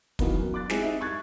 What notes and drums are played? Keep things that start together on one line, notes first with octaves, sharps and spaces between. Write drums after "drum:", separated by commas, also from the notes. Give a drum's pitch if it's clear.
D#3 E3 F#3 A#3 B3 D#4, drum: kick, hi-hat
F#2
D6 F#6 A6
G#3 C4 E4 G4 G#4, drum: snare
D#4 E5
C#6 F#6 G#6 A6